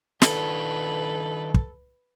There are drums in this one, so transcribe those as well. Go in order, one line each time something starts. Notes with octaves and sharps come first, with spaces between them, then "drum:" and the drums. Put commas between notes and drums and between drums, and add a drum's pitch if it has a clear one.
D#3 D4 F4 A4 B4, drum: snare
drum: kick